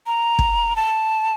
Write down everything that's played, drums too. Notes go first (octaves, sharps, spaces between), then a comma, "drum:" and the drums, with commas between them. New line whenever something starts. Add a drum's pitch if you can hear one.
A#5
drum: kick
A5